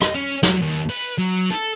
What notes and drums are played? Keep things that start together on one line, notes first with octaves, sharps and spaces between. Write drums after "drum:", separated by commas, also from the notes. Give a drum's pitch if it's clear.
D#5, drum: rim click
C#4
F#3, drum: snare
D#2
B4, drum: open hi-hat
F#3
A4, drum: hi-hat